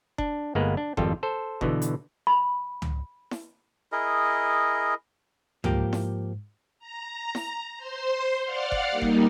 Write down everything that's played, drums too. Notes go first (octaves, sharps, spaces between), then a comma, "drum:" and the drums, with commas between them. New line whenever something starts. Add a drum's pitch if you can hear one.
D4, drum: kick F#1
G1 G#3 A#3 B3 B4
D4
G#1 F2 G3 F4 A4, drum: kick F#1
A4 C5
B2 D3 E3, drum: kick F#1
drum: hi-hat
B5
drum: tom C#2
drum: snare E4
E4 G#4 A#4 D#5
G#2 F3 A#3 G4, drum: tom C#2
drum: snare E4
A#5
drum: snare E4
C5 C6
D5 F5 F#5 F6
drum: kick F#1
G3 A#3 D#4
drum: kick F#1